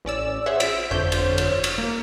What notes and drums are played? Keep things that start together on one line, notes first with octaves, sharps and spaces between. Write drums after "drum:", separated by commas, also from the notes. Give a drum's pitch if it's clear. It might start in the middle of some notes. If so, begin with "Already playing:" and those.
A1 C#4 D5 E6
G#4 C5 C#5 E5 F#5
E6 B6 D7, drum: cymbal
G1 F2 D3 C5 C#5 G6
drum: cymbal
drum: cymbal
C#5
drum: cymbal
A#3